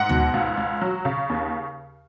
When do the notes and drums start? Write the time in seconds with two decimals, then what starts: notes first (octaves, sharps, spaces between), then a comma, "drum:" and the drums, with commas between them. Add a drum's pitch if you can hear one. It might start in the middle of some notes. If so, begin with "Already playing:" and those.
Already playing: G#2 F#5
0.09 B2, drum: tom D2
0.34 C#2
0.57 C#2
0.81 F#3
1.05 C#3
1.30 D#2